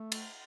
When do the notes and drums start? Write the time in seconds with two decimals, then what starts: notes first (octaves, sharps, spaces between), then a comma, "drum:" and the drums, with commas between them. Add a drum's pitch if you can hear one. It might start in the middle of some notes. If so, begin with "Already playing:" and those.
Already playing: A3
0.12 drum: cymbal